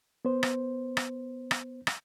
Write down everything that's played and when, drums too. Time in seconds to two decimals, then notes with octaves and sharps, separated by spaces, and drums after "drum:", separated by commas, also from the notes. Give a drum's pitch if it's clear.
0.25 B3 C5
0.43 drum: rim click
0.97 drum: rim click
1.51 drum: rim click
1.87 drum: rim click